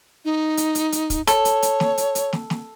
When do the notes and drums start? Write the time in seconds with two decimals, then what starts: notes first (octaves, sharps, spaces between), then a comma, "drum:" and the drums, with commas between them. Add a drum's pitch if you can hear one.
0.25 D#4
0.57 drum: hi-hat
0.75 drum: hi-hat
0.92 drum: hi-hat
1.10 drum: kick, hi-hat
1.27 A4 C#5, drum: hi-hat
1.45 drum: hi-hat
1.62 drum: hi-hat
1.80 drum: snare
1.98 drum: hi-hat
2.15 drum: hi-hat
2.33 drum: snare
2.50 drum: snare